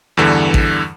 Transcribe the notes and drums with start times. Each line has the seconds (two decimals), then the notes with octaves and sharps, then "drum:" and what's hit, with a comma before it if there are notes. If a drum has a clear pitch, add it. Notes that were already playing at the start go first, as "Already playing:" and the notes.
0.17 E2 G2 D3 E3
0.54 drum: kick A1